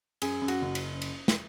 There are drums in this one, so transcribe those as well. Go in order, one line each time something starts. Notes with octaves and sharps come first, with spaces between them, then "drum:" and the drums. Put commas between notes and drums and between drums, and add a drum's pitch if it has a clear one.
F#2 G#4, drum: cymbal
F#2
F#4, drum: cymbal
F#1
drum: cymbal
drum: cymbal
drum: snare